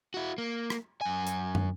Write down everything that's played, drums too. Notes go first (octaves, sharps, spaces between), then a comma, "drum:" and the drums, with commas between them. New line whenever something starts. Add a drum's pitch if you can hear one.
E4 F#4
A#3
drum: rim click
F#2 G#5
drum: hi-hat
drum: tom